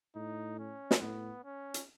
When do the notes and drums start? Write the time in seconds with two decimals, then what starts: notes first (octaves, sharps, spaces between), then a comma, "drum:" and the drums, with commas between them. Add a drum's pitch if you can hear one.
0.16 A2 D#4
0.59 C#4
0.91 drum: snare
1.01 A2 B3
1.44 C#4
1.74 drum: hi-hat